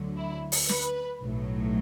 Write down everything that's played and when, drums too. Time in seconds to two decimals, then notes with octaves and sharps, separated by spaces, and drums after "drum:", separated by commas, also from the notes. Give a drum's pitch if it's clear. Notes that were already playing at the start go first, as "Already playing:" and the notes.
Already playing: D2 D3 F#3
0.17 E4
0.52 drum: open hi-hat
0.69 B4, drum: snare
1.21 B1 A2 F#3